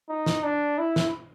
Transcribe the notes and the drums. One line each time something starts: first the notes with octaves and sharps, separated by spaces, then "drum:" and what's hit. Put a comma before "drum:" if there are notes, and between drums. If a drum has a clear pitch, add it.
D#4
drum: snare
D4
E4
drum: snare